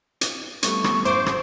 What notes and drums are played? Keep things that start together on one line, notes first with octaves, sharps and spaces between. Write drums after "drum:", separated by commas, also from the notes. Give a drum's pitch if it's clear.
drum: hi-hat
G3 A3 B3 C#6, drum: hi-hat
drum: rim click
A1 C5 D6
drum: rim click